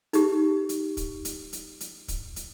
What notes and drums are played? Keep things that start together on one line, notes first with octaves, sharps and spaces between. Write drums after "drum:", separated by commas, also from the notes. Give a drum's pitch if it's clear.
D#4 G4, drum: hi-hat
drum: hi-hat
drum: kick, hi-hat
drum: hi-hat
drum: hi-hat
drum: hi-hat
drum: kick, hi-hat
drum: hi-hat